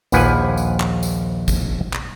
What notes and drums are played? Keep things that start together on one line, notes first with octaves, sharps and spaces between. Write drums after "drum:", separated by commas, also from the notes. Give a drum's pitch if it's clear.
A#1 D#2 F3 B4 F#5 G#5, drum: tambourine
drum: tambourine
drum: clap
drum: tambourine
drum: kick, tambourine
drum: clap